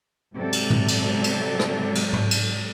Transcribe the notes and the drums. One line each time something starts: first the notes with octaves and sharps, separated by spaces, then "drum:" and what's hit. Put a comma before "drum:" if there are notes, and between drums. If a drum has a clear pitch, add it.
G#2 C3 F#3 A4 D5
drum: cymbal
drum: tom
drum: cymbal
drum: cymbal
drum: rim click
drum: cymbal
drum: tom
drum: cymbal